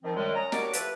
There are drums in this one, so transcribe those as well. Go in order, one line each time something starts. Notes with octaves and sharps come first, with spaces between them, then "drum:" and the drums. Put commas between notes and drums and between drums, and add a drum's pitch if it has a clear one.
D#3 F3 C4
F#2 D#3 G3 G#3
C#4 D#5 A#5
G3 F#4 A#4 C#5 A5 D6, drum: snare
F3 A3 G4 A4 B4, drum: hi-hat